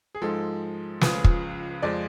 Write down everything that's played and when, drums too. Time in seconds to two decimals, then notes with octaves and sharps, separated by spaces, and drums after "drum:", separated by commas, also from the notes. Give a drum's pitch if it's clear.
0.15 G#4
0.22 G#2 F3 G#3 A4
1.01 C#2 C#3 F3 B4, drum: snare
1.24 drum: kick
1.82 F2 F3 G#3 D5